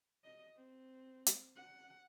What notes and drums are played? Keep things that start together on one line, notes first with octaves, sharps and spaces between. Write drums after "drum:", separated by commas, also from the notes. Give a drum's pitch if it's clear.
D#5
C4
drum: hi-hat
F#5